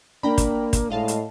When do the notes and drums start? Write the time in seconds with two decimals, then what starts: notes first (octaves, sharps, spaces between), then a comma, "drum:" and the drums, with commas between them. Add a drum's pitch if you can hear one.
0.23 A#3 D4 G5 A#5 B5
0.38 drum: kick, hi-hat
0.73 drum: kick, hi-hat
0.90 A2 G#3 D#5 F5 A5
1.08 drum: hi-hat